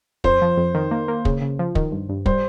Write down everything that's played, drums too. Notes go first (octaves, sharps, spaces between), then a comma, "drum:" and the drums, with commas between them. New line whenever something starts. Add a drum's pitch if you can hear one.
F2 C5, drum: kick
F3
F2
D#3
A#3
A#3
C#3, drum: kick
C#3
F3
D#3, drum: kick
G2
G2
G3 C5, drum: kick